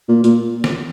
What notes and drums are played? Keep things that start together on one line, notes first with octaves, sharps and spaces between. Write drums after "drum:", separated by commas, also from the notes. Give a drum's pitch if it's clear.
A#2
A#2, drum: hi-hat
drum: snare